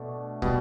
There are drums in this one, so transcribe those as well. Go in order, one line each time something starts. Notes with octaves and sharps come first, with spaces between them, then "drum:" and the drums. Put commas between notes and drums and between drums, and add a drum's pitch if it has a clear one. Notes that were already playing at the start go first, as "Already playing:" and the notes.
Already playing: B2 A3 D4
B2 G3, drum: kick